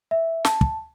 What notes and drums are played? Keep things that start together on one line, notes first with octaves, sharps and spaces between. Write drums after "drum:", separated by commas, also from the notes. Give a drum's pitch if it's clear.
E5
A5, drum: snare
drum: kick